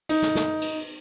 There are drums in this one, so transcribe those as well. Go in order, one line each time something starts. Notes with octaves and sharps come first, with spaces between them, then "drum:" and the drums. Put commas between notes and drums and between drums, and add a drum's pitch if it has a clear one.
D#4, drum: cymbal
drum: snare
drum: snare
drum: cymbal